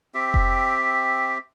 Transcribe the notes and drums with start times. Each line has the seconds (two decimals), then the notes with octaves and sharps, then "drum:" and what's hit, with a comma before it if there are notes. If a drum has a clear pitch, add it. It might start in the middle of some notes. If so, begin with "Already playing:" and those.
0.14 C4 G4 E5
0.34 drum: kick F1